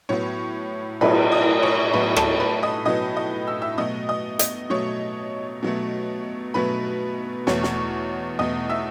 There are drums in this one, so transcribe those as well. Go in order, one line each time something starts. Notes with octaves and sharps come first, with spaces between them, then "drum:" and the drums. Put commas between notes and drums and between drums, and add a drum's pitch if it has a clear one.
A2 F#3 B3 C#5 C#6
A2 F#3 B3 B4 B5, drum: cymbal
D#5 D#6
C#5 C#6
A2 F#3 B3 B4 B5
A4 A5, drum: rim click
B4 B5
D#5 D#6
A2 F#3 B3 D#5 D#6
D#5 D#6
E6
E5 E6
B2 F#3 A3 D#5 D#6
D#5 D#6
D#5 D#6, drum: hi-hat
B2 F#3 A3 C#5 C#6
B2 F#3 A3
B2 F#3 A3 B4 B5
E2 B2 A3 C#5 C#6, drum: snare
drum: snare
E2 B2 A3 D#5 D#6
E5 E6